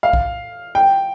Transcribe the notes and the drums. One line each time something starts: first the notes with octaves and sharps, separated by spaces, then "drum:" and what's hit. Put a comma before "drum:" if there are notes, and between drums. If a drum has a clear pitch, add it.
F5
drum: kick
G5